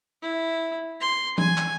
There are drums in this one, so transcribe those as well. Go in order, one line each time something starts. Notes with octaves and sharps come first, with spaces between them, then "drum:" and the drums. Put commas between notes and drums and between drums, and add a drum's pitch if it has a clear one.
E4
C6
G#5, drum: tom E3
drum: clap